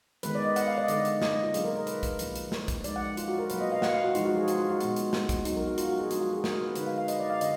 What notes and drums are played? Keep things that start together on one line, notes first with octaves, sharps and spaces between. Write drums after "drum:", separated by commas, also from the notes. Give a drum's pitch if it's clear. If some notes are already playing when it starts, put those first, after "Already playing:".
D#3 G#3 B3 B4, drum: hi-hat
D5
D#5
F#5, drum: hi-hat
F5
D5
D#5
D3 G#3 D#4 D5, drum: hi-hat
drum: hi-hat
D#5, drum: snare
D#5
F4
B2 F#3 A#3 D4 G#4, drum: hi-hat
A#4
A#4
B4, drum: hi-hat
drum: kick, hi-hat
A#2 F3 A#3 F4, drum: hi-hat
drum: hi-hat
drum: snare
drum: kick, hi-hat
F3 G#3 D#4 D5, drum: hi-hat
F#5
F4, drum: hi-hat
F#4
A#4
B2 F#3 A#3 F4 B4, drum: hi-hat
D#5
F5
F#5, drum: snare
F5
F#4
F3 G#3 D#4 F4, drum: hi-hat
F#4
G#4
F#4, drum: hi-hat
F4
F#4
A#2 G#3 B3 F4, drum: hi-hat
drum: hi-hat
drum: snare
drum: kick, hi-hat
F#3 B3 D#4 F#4, drum: hi-hat
A#4
F#4
F4, drum: hi-hat
F#4
G#4
F3 G#3 D4 F4 F#4, drum: hi-hat
F#4
G#4
A#4, drum: snare
F#4
B4
D3 G#3 D#4 B4, drum: hi-hat
F5
F5
D#5, drum: hi-hat
D5
F5
D3 D#5, drum: hi-hat